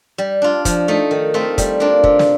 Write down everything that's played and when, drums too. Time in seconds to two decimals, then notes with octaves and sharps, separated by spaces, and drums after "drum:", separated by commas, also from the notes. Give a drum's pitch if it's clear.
0.18 G3
0.42 D4 F4
0.65 F3, drum: kick, hi-hat
0.88 A3 D#4
1.11 D#3
1.34 A3 C4 F4
1.58 G3, drum: kick, hi-hat
1.80 A#3 D4 F4
2.04 C3, drum: kick
2.19 drum: snare